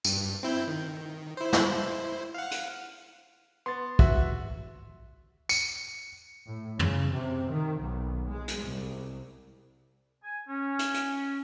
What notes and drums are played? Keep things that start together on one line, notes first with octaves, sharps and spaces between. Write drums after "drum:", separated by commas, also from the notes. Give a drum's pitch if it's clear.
G2, drum: tambourine
C4 E4 G6
D#3
E4 C5
drum: snare
F5 F#5
drum: hi-hat
B3 C6 A6
F#4 E5, drum: kick
C#7, drum: tambourine
A2
C#3, drum: tom
C3
D#3
B1
G#3
drum: hi-hat
C2
G#5
C#4
drum: hi-hat
drum: hi-hat